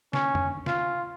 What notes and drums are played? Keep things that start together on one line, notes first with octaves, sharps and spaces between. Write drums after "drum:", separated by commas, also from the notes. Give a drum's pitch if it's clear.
C#4, drum: snare
drum: tom
F4, drum: snare